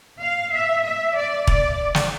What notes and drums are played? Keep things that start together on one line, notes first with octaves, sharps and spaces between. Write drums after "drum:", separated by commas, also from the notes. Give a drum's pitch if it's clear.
F5
E5
E5
D5
D5, drum: kick E1
drum: snare